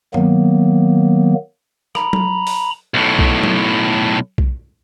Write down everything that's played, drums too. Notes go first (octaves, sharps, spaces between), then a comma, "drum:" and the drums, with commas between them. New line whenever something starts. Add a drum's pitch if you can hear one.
D#3 F#3 A#3 B3, drum: tom G2
A#5 B5, drum: rim click
drum: tom F#3
drum: open hi-hat
B1 A2
drum: kick B1
drum: tom F#3
drum: kick B1